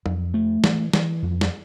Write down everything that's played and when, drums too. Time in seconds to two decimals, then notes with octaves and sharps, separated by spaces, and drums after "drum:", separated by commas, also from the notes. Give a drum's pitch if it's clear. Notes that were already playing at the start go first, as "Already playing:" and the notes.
0.06 F2, drum: tom
0.34 A3
0.64 E3, drum: snare
0.93 E3, drum: snare
1.22 F2
1.41 drum: snare